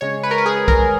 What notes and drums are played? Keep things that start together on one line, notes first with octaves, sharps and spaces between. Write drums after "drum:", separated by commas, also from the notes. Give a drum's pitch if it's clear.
C#3 G#3 C#4 C#5
B4
A#4
B4
G#4
A#4, drum: kick B1